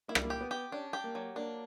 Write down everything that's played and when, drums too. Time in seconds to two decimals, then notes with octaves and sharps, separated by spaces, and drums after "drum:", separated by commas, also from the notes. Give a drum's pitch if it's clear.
0.08 A#3 E4
0.15 G3, drum: rim click
0.23 A#3
0.30 G4
0.41 B3
0.51 G4
0.72 C#4 D4
0.93 G4
1.04 A#3
1.15 F#3
1.36 A#3 D4